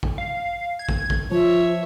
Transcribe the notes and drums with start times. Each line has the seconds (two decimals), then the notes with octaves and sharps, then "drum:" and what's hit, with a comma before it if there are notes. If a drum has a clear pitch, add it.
0.03 drum: kick
0.18 F5
0.79 G#6
0.89 drum: kick
1.10 drum: kick
1.31 F3 F4 C#5 E5